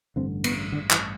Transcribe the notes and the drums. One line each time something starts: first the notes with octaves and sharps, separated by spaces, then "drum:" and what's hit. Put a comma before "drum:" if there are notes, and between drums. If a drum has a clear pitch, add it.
A1 G2 D3 C4
B3, drum: cymbal
D3
E3, drum: clap